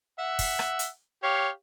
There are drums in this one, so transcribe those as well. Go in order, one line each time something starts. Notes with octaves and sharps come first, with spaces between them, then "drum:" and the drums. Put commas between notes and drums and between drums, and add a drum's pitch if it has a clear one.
E5 F#5
drum: kick, open hi-hat
drum: rim click
drum: hi-hat
G4 C#5 F5